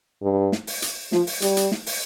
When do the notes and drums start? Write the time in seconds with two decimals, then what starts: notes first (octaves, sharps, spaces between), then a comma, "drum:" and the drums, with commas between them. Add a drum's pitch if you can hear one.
0.23 G2
0.52 drum: snare
0.67 drum: open hi-hat
0.82 drum: hi-hat
1.12 F3, drum: snare
1.27 drum: open hi-hat
1.42 G3, drum: hi-hat
1.57 drum: hi-hat
1.72 drum: snare
1.86 drum: open hi-hat